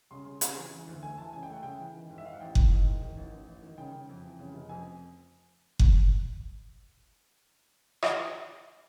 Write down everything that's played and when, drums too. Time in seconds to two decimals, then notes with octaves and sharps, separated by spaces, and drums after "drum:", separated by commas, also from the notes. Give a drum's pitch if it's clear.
0.11 C#3 C6
0.26 C#3
0.41 C#3, drum: hi-hat
0.57 E3
0.72 E3
0.87 D2
1.03 A3 G#5
1.18 E3 A5
1.33 C#3 G#5
1.43 G5
1.49 A3 F#5
1.63 C#3 G5
1.79 E3
1.94 D#3
2.10 G#2
2.18 E5
2.25 G#2 F5
2.33 F#5
2.40 A1 G5
2.55 A1, drum: kick F#1
2.71 G#2
2.86 D#3
3.02 D#3
3.17 A1
3.32 A1
3.47 A1
3.63 D#3
3.78 C#3 G5
3.93 C#3
4.09 F2
4.24 E3
4.39 C#3
4.54 F1
4.69 F2 G#5
5.79 drum: kick F#1
8.02 drum: rim click